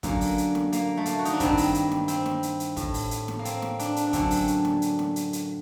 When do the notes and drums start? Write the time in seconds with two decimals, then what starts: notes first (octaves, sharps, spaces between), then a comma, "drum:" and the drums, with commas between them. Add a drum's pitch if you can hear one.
0.03 F#2 D3 A#3, drum: kick, hi-hat
0.21 drum: open hi-hat
0.38 drum: hi-hat
0.55 drum: snare
0.72 A#3, drum: hi-hat
0.97 A3
1.06 A#3, drum: hi-hat
1.19 F#4
1.25 D#4, drum: hi-hat
1.33 D4
1.40 G2 D#3 C4, drum: kick, hi-hat
1.57 drum: open hi-hat
1.74 drum: hi-hat
1.91 drum: snare
2.08 C4, drum: hi-hat
2.26 drum: snare
2.43 drum: hi-hat
2.60 drum: hi-hat
2.76 A2, drum: kick, hi-hat
2.94 drum: open hi-hat
3.11 drum: hi-hat
3.28 drum: snare
3.39 A#3
3.45 C4, drum: hi-hat
3.62 drum: snare
3.79 D4, drum: hi-hat
3.96 drum: hi-hat
4.07 D4
4.13 F#2 D3 C4, drum: kick, hi-hat
4.30 drum: open hi-hat
4.48 drum: hi-hat
4.65 drum: snare
4.82 drum: hi-hat
4.99 drum: snare
5.16 drum: hi-hat
5.33 drum: hi-hat